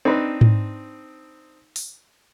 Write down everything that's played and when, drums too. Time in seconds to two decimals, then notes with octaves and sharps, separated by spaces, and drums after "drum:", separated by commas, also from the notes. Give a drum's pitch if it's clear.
0.05 C4 D4 D#4 B4 C5
0.41 drum: tom G#2
1.76 drum: open hi-hat